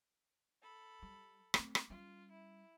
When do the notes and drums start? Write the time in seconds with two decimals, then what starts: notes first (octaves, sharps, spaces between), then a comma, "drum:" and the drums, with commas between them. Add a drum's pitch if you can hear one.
0.62 A4 B5
1.02 G3
1.54 A3 C4, drum: rim click
1.75 drum: rim click
1.90 G3 C#4 F4
2.33 E4